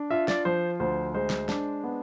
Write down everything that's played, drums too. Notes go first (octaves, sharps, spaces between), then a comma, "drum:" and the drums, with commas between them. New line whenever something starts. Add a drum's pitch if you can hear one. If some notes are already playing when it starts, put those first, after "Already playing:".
Already playing: D4
F4 E5
D5, drum: snare
F3 C5
D2 C5
G#3 C5
drum: snare
D4, drum: snare
B3